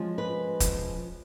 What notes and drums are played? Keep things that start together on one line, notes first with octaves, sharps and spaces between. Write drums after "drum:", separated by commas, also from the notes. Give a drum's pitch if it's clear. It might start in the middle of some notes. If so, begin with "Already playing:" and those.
Already playing: F3 G#3 C#4
B4
drum: kick, hi-hat